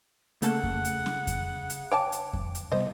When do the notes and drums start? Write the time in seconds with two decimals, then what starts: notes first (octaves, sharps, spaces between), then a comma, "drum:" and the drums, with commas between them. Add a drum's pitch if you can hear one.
0.42 C#3 A3 A#3 A4 F#5, drum: hi-hat
0.63 drum: kick F2
0.85 drum: hi-hat
1.06 drum: snare
1.27 drum: kick F2, hi-hat
1.70 drum: hi-hat
1.91 C#5 G5 A5 D6
2.12 drum: hi-hat
2.33 drum: kick F2
2.55 drum: hi-hat
2.72 C3 G3 B3 C5 D#5